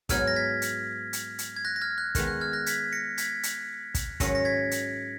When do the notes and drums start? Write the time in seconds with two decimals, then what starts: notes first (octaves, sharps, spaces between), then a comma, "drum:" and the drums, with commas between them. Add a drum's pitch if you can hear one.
0.09 G#2 F#3 B3 D#4 F6 G#6, drum: kick, hi-hat
0.28 A#6
0.36 G#6 B6
0.62 drum: hi-hat
1.13 drum: hi-hat
1.38 drum: hi-hat
1.56 G#6
1.65 F#6 A#6
1.76 A#6
1.81 F6 G#6
1.98 F#6
2.15 D#3 G#3 B3 F#6, drum: kick, hi-hat
2.28 F#6
2.41 F6 G#6
2.53 F#6 A#6
2.66 G#6 B6, drum: hi-hat
2.93 A#6 C#7
3.18 G#6 B6, drum: hi-hat
3.43 drum: hi-hat
3.95 drum: kick, hi-hat
4.20 G#2 D#3 F#3 C#4 A#6 C#7, drum: kick, hi-hat
4.35 A#6
4.45 G#6 B6
4.71 drum: hi-hat